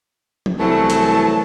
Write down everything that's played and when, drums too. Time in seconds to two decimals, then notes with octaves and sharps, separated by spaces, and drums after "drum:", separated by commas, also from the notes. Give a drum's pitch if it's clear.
0.46 drum: tom F3
0.60 C2 E3 F#3 A3 A5
0.90 drum: hi-hat